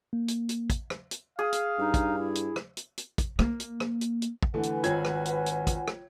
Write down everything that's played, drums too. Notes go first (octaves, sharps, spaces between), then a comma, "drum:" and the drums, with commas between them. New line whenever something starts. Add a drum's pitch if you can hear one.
A#3
drum: hi-hat
drum: hi-hat
drum: kick, hi-hat
drum: rim click
drum: hi-hat
G#4 F5
drum: hi-hat
G2 D#4
drum: kick, hi-hat
E4
drum: hi-hat
drum: rim click
drum: hi-hat
drum: hi-hat
drum: kick, hi-hat
A#3, drum: rim click
drum: hi-hat
drum: rim click
drum: hi-hat
drum: hi-hat
drum: kick
D3 E3 A3 B4 F#5 G#5
drum: hi-hat
G#1 F4 C#5 G5 G#6, drum: hi-hat
drum: rim click
drum: hi-hat
drum: hi-hat
drum: kick, hi-hat
drum: rim click